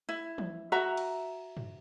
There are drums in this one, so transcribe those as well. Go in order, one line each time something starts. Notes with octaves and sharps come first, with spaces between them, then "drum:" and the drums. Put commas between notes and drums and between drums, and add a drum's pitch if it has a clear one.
E4
drum: tom E3
F#4 E5 A#5
drum: cymbal
drum: tom G2